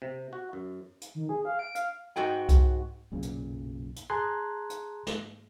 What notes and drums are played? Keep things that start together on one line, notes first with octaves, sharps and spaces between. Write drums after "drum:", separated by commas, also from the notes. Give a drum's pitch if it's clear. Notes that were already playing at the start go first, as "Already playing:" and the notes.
C3
F#4
F#2
drum: hi-hat
D#3
G#4
F5
D7
F5, drum: hi-hat
G#2 F#4 G5 G#5
drum: kick C2, hi-hat
B1 F#2 A#2 C#3
drum: hi-hat
drum: hi-hat
G#4 A5 A#5 C6 F#6 G#6
drum: hi-hat
drum: snare